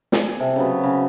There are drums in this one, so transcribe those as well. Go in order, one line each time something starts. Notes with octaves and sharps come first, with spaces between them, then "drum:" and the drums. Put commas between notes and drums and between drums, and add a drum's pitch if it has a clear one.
G#4, drum: snare
C3 A4
C#3 F#3 B3
C#3